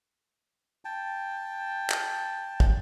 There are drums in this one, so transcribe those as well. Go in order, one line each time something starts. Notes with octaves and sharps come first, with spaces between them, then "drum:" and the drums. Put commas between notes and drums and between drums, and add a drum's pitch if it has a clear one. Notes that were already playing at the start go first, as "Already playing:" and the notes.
G5 A5
drum: clap
drum: kick